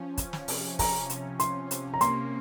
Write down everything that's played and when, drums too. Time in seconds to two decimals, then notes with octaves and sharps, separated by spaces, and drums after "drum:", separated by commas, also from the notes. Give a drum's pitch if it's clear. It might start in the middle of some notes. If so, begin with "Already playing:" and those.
Already playing: F3 C#4
0.17 F3, drum: kick, hi-hat
0.33 drum: snare
0.48 C3, drum: open hi-hat
0.79 C#4 A#5, drum: kick, open hi-hat
1.10 C3, drum: hi-hat
1.40 C#4 C6, drum: hi-hat
1.71 C3, drum: hi-hat
1.94 A#5
2.01 A#3 C6, drum: hi-hat